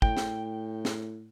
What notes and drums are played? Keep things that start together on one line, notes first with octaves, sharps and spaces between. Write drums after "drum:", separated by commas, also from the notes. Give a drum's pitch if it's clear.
A2 G5, drum: kick
drum: snare
drum: snare